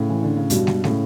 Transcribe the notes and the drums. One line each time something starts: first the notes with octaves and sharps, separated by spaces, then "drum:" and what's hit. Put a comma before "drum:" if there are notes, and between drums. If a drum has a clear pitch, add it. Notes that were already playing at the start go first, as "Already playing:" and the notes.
Already playing: A2 C#3
E3
D3
C#3
G2 B2, drum: hi-hat
drum: snare
A2 C#3, drum: snare